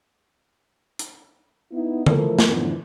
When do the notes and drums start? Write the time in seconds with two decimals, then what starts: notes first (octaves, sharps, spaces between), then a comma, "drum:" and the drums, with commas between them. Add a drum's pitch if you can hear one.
0.99 drum: hi-hat
1.73 B3 D#4 E4
2.06 E3 F3 A3 A4 A#4, drum: tom D3
2.39 drum: snare
2.48 F#2 A2 D3 E3 F3 B3